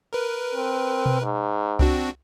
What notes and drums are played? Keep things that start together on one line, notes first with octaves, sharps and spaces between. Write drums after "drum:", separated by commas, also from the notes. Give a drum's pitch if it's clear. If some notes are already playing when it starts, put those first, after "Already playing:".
A#4 B4
C4
drum: tom B2
G#2
C4 D4 F#4, drum: kick C2